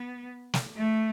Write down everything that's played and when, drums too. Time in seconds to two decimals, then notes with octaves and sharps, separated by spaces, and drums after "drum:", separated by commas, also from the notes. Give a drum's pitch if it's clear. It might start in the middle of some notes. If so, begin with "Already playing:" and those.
Already playing: B3
0.54 drum: snare
0.76 A3